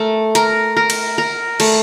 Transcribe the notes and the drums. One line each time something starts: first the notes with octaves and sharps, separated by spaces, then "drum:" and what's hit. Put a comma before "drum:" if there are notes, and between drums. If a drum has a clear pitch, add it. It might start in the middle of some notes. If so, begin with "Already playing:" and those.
Already playing: A3 A#4
A#4, drum: hi-hat
A#4
drum: cymbal
A#4
A3, drum: cymbal